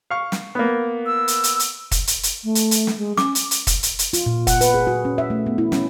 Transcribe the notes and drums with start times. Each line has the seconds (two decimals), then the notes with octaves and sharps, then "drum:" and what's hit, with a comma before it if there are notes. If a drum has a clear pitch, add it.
0.10 F5 C#6
0.32 drum: snare
0.55 A#3 B3
1.06 E6
1.28 drum: hi-hat
1.44 drum: hi-hat
1.60 drum: hi-hat
1.91 drum: kick, hi-hat
2.07 drum: hi-hat
2.23 drum: hi-hat
2.44 A3
2.55 drum: hi-hat
2.71 drum: hi-hat
2.87 drum: snare
2.98 G#3
3.17 C#4 D6, drum: snare
3.35 drum: hi-hat
3.51 drum: hi-hat
3.67 drum: kick, hi-hat
3.83 drum: hi-hat
3.99 drum: hi-hat
4.13 F4, drum: hi-hat
4.26 A#2
4.47 F#5, drum: kick, hi-hat
4.61 B4, drum: hi-hat
4.74 G#4
4.87 F#4
5.05 C#4
5.18 E5
5.30 A3
5.46 B3
5.58 E4
5.72 C#4, drum: snare